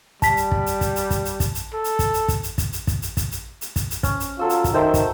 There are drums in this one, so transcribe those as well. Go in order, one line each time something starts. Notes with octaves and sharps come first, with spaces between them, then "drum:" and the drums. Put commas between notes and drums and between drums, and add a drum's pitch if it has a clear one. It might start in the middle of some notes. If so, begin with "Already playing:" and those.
G3 A5 B6, drum: kick, hi-hat
drum: hi-hat
drum: kick
drum: hi-hat
drum: kick, hi-hat
drum: hi-hat
drum: kick, hi-hat
drum: hi-hat
drum: kick, hi-hat
drum: hi-hat
A4
drum: hi-hat
drum: kick, hi-hat
drum: hi-hat
drum: kick, hi-hat
drum: hi-hat
drum: kick, hi-hat
drum: hi-hat
drum: kick, hi-hat
drum: hi-hat
drum: kick, hi-hat
drum: hi-hat
drum: hi-hat
drum: kick, hi-hat
drum: hi-hat
C#4, drum: kick, hi-hat
drum: hi-hat
F#3 F4 A4 E6
drum: hi-hat
drum: kick, hi-hat
D#3 A4 C5 E5
drum: kick, hi-hat